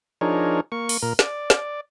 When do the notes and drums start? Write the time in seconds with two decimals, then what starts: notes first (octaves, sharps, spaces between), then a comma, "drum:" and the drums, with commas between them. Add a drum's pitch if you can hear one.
0.21 F3 D4 D#4 G#4 A#4 C#5
0.72 A#3 C#6
0.89 drum: open hi-hat
1.02 A#2 A#4
1.19 D5, drum: snare
1.50 drum: snare